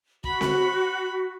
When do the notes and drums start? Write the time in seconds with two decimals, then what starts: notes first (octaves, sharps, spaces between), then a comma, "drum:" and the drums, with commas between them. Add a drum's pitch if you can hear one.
0.24 F#4 B5, drum: kick
0.41 drum: snare C4